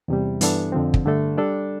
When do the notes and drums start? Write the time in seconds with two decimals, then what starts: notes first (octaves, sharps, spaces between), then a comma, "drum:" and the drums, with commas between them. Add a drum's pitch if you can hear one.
0.08 E2 C3 G3
0.41 G2 E3 B3 D4 A4, drum: hi-hat
0.72 F2 D3 F3 C4
0.94 drum: kick
1.05 G2 D3 A3 D4 A4
1.37 G3 D4 A4 D5